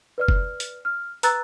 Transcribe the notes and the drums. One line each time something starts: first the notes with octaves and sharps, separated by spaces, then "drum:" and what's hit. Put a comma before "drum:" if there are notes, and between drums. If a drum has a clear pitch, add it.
B4 D5 F6
drum: kick
drum: hi-hat
F6
B4 A#5 E6 F#6 A6, drum: hi-hat